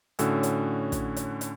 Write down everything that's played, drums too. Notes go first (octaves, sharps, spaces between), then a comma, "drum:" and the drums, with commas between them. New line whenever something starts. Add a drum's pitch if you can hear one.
A2 D3 C#4 F#4 G#5 E6, drum: hi-hat
drum: hi-hat
drum: kick, hi-hat
drum: hi-hat
drum: hi-hat